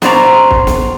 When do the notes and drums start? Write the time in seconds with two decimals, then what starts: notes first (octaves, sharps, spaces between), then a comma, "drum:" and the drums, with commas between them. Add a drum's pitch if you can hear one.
0.02 B3 C#4 C5 D5 A#5, drum: snare
0.51 drum: kick
0.67 drum: snare